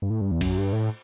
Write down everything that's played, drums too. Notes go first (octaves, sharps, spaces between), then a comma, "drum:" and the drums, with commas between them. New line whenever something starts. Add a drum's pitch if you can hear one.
G2
A2
G2
E2
F#2, drum: kick, cymbal
G2
A2